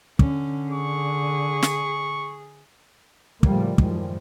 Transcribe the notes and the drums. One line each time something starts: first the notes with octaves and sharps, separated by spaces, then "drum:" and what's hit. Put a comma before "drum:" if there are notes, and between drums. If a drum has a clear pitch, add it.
D3 C#4, drum: kick
G#4 C#6
drum: snare
A2 C#3 F3 G3 A3 A#3, drum: kick
F#2 A2 D#3 F3 G3 G#3, drum: kick